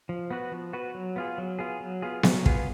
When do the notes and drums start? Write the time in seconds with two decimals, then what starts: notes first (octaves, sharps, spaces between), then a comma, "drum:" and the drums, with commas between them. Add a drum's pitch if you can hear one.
0.09 F3
0.31 B3 F#4 B4
0.52 F3
0.73 B3 F#4 B4
0.95 F#3
1.16 B3 F4 G#4
1.38 F#3
1.59 B3 F4 G#4
1.80 F#3
2.02 B3 F4 G#4
2.23 F#3, drum: snare B3
2.46 B3 F4 G#4, drum: kick